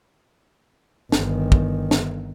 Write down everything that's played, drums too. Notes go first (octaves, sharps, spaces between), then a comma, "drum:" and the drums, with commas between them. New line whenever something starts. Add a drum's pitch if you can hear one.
G1 D#3, drum: snare
drum: kick
drum: snare